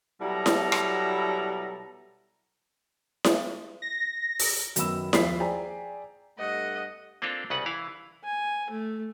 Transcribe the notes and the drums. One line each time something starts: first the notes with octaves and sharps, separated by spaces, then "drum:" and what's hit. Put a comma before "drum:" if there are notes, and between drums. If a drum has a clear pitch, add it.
B2 F#3 G3 E4 A4 A#5
drum: snare E4
drum: rim click
drum: snare E4
A#6
drum: open hi-hat
F#2 D#3 B3 B5 E6 E7, drum: hi-hat
D#2 F3 A#3 B5 B6 C7, drum: snare E4
G#4 C5 D5 G5 G#5 A#5
G2 A3 D#5 F#5
A#3 C4 D4 F4 A4
C2 C#3 B4 F#5
E3 E4 F5
G#5
A3